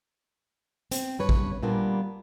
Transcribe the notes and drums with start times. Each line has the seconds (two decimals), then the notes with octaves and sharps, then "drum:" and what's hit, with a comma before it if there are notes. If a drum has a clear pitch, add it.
0.91 C4, drum: hi-hat
1.19 G2 B4 C#5
1.29 drum: kick
1.63 A#2 G3 A#3 B3 D4